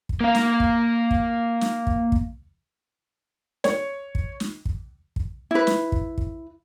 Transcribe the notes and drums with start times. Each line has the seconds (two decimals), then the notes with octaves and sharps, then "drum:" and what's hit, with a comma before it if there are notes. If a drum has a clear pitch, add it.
0.09 drum: kick
0.21 A#3 F5
0.35 drum: snare
0.60 drum: kick
1.11 drum: kick
1.61 drum: snare
1.87 drum: kick
2.12 drum: kick
3.64 C#5, drum: snare
4.15 drum: kick
4.40 drum: snare
4.65 drum: kick
5.16 drum: kick
5.51 E4 B4
5.67 drum: snare
5.92 drum: kick
6.18 drum: kick